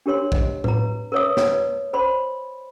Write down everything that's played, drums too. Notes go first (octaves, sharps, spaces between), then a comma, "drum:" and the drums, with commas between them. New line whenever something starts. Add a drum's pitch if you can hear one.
D4 G4 A#4 C#5 C6
D#5, drum: kick
B4 A#5, drum: tom A2
A#4 B4 C#5 E5 D#6
B4 C#5, drum: snare
C5 D5 B5 C6